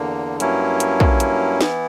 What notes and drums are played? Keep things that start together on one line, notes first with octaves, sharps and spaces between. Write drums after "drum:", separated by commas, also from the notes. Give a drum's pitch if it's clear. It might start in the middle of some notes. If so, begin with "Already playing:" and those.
Already playing: E2 D3 A#3
G2 F#3 A#3 C#4 E4, drum: hi-hat
drum: hi-hat
drum: kick
drum: hi-hat
E3 B3 E4, drum: snare